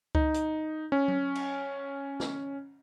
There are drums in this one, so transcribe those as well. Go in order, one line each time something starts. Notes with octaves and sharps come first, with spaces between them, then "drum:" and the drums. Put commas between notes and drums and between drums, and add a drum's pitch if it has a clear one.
D#4, drum: kick C#2
drum: hi-hat
C#4
drum: tom F#3
drum: cymbal
drum: snare